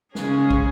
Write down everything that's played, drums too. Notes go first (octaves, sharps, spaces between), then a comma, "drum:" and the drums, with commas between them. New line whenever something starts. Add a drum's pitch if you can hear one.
C#3 G#3 C#4 G#4, drum: snare
drum: kick